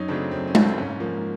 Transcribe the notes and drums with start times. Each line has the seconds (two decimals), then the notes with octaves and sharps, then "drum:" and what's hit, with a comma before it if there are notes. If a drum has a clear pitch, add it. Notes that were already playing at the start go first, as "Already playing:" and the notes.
Already playing: F#2 C#4 D#4
0.08 C#3 F#3 A3 C4 D4
0.31 F#2 C4
0.47 C#4
0.55 C#3 F#3 A3, drum: tom G#3
0.62 C4
0.78 G#2 C#4
1.00 F3 A#3